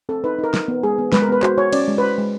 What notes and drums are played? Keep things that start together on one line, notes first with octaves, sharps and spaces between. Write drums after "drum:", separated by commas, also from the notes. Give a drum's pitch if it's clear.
C4 A4
D#4 B4
D#4 A#4
D#4, drum: snare
B3
G#3 G#4
B3
G#3 B4, drum: snare
A#4
B3 B4
F#4 C5, drum: clap
F#4 C#5
C#4 D5, drum: cymbal
G#3
B4
F#4 C5
G#3